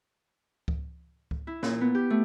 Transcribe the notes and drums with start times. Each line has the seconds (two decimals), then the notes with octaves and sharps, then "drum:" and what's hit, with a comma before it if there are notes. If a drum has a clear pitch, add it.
0.68 drum: kick C#2
1.31 drum: kick C#2
1.47 E4
1.63 A#2, drum: snare
1.81 B3
1.95 G4
2.10 A3